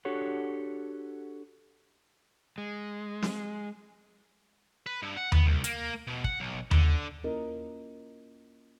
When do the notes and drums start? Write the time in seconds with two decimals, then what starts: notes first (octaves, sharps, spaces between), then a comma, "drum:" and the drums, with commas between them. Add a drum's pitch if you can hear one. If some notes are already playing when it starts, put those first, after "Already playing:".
0.05 D4 F#4 G4 A4 C#5 F#5
2.58 G#3
3.22 drum: snare
4.86 B4
5.02 G2
5.16 F#5
5.32 B3, drum: tom D#2
5.46 C2
5.64 A#3, drum: hi-hat
6.07 B2
6.24 F#5, drum: kick
6.40 B1
6.71 D3, drum: tom D#2
7.24 A#3 C#4 E4 F4 A#4 D#5